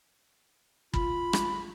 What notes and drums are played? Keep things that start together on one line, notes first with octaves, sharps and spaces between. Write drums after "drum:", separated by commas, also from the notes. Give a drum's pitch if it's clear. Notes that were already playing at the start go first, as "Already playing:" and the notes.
F4 B5, drum: kick
drum: rim click